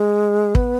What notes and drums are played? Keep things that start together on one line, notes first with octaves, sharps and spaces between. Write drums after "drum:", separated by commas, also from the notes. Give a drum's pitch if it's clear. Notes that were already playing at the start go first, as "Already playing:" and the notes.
Already playing: G#3
B3, drum: kick